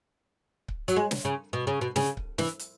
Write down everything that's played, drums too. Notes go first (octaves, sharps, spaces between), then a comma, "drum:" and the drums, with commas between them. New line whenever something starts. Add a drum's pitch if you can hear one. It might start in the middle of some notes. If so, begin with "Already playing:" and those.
drum: kick C#1
F#3, drum: hi-hat
G#3
drum: snare
C#3
B2
C#3
B2
C#3, drum: snare
drum: kick C#1
E3, drum: snare
drum: hi-hat